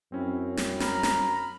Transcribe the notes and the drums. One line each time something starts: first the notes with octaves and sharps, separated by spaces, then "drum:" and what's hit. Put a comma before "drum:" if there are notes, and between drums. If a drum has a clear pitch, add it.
F#2 C4 C#4 E4
drum: snare
A#5 B5 F6, drum: snare
drum: snare